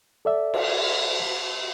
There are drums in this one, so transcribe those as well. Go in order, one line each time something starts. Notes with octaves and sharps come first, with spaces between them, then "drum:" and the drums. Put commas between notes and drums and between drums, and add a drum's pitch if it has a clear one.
A4 D5 E5
drum: cymbal